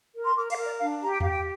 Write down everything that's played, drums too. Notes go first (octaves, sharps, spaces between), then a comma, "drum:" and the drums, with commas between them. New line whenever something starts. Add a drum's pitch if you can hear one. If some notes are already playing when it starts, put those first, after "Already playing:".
A#4
C6
A#4 D6
F5, drum: cymbal
A#4
D5
D4 F5
G4 A#5
G5
G4 F5, drum: tom E2
G5